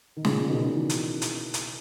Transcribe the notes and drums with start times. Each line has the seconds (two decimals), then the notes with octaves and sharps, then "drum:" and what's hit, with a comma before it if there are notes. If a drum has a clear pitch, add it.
0.17 D#3
0.25 A#2 C#3, drum: snare
0.45 C#3
0.49 B2 D#3
0.73 C#3 E3
0.89 drum: hi-hat
1.22 drum: hi-hat
1.54 drum: hi-hat